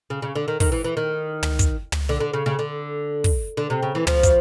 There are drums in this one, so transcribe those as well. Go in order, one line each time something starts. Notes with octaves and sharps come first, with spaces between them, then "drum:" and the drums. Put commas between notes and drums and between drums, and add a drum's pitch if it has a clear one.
C#3
C#3
D3
D#3
D#3, drum: kick, open hi-hat
E3
E3
D#3
drum: tom
drum: kick, hi-hat
drum: tom
D3
D3
C#3
C#3
D3
drum: kick, open hi-hat
D3
C3
C#3
E3
F3, drum: tom
drum: kick, hi-hat